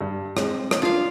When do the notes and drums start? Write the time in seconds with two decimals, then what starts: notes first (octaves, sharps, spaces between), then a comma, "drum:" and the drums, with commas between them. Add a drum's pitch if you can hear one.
0.01 G2
0.37 G#3 C4, drum: rim click
0.71 drum: rim click
0.82 D4 F4 A#4 F5